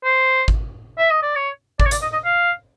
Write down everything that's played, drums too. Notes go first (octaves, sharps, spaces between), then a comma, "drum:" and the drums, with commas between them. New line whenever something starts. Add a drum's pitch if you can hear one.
C5
drum: kick G#1
E5
D#5
D5
C#5
D5, drum: kick G#1
C#5
D5, drum: hi-hat
D#5
D#5
F5